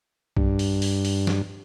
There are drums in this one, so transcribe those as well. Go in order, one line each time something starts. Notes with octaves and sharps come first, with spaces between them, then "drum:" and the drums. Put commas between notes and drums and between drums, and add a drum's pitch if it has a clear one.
G2, drum: kick B1
drum: open hi-hat
drum: open hi-hat
drum: open hi-hat
drum: snare